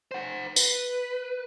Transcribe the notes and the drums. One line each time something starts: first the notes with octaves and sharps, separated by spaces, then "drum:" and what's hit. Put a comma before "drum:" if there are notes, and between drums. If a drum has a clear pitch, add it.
C5 F#5
B4, drum: tambourine